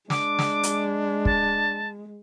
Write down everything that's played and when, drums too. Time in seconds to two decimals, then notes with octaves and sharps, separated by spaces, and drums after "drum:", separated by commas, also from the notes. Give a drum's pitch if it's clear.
0.10 G#3 D4 D6, drum: snare
0.39 drum: snare
0.63 drum: hi-hat
1.25 A5, drum: kick